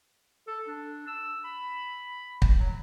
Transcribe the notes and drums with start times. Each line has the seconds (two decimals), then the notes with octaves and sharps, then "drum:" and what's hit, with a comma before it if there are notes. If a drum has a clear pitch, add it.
0.47 A4
0.68 D4
1.07 E6
1.44 B5
2.42 drum: kick
2.57 F#3